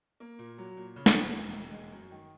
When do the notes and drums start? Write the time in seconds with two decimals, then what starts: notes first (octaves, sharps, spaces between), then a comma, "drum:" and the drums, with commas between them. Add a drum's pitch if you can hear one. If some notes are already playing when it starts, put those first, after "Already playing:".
0.20 A#3
0.39 A#2
0.58 F#3
0.77 A#2
0.96 C#3
1.06 drum: snare
1.16 E1
1.35 D#2
1.54 E1
1.73 G#3
1.92 F#2
2.11 D#3